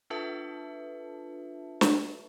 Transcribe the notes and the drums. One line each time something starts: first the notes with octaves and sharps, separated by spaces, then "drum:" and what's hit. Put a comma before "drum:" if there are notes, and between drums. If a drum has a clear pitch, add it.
D4 F4 A4 B4 E5 A5
drum: snare